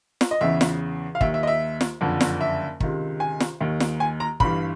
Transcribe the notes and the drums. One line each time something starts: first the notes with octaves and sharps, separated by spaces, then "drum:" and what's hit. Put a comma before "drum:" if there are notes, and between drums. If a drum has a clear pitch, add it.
drum: snare
D#5
E2 C#3 E3 E5
drum: snare
F5
D#2 D#3 E5, drum: kick
E5
D#5
E5
drum: snare
F#1 F2 D3 F3
drum: snare
E5
C#2 C3 D#3, drum: kick
G#5
drum: snare
D#2 D#3
drum: snare
G#5
A#5
G1 G2 E3 B5, drum: kick